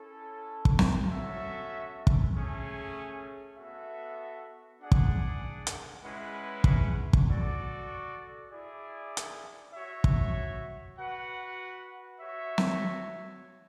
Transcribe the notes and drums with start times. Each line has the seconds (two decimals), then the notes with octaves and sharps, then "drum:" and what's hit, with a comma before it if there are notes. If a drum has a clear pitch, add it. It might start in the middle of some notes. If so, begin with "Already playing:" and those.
Already playing: C#4 E4 A4
0.65 drum: kick
0.79 drum: snare
1.11 C#4 F#4 A4 E5
2.07 drum: kick
2.34 A3 C#4 G#4
3.57 B3 F#4 A4 E5
4.80 D4 G#4 D5 F#5
4.92 drum: kick
5.67 drum: hi-hat
6.04 G#3 C#4 E4 B4 F#5
6.64 drum: kick
7.13 drum: kick
7.27 F#4 A4 D5
8.51 E4 G#4 D5
9.17 drum: hi-hat
9.73 F#4 C#5 E5
10.04 drum: kick
10.97 F#4 B4 F#5
12.20 F#4 C#5 E5
12.58 drum: snare